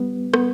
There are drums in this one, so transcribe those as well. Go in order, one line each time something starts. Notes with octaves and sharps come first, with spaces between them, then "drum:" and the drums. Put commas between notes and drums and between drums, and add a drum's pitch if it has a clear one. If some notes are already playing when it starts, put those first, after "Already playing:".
Already playing: G3 B3
B3, drum: rim click